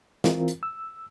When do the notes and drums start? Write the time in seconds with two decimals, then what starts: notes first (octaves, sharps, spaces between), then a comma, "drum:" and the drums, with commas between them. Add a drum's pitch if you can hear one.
0.24 E3 C4 F4 A#4, drum: snare
0.48 drum: hi-hat
0.63 E6